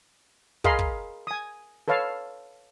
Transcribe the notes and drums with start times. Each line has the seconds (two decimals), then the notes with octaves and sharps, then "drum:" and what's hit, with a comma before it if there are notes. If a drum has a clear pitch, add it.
0.64 G#4 A#4 D#5 F5 B5 C6, drum: kick
0.79 drum: kick
1.27 G#5 D#6
1.88 A4 B4 C#5 F5 A5